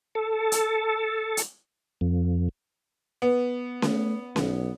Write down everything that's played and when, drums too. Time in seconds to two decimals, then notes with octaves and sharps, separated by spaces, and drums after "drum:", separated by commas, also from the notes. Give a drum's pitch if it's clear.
0.15 A4
0.52 drum: hi-hat
1.37 drum: hi-hat
2.01 F2
3.22 B3
3.82 A3, drum: snare C#4
4.36 B1, drum: snare C#4